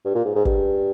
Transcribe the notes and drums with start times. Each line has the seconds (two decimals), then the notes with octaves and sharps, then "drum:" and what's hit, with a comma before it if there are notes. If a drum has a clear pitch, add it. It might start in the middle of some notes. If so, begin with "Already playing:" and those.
0.05 G2
0.15 A#2
0.25 G#2
0.35 G#2
0.45 G2, drum: kick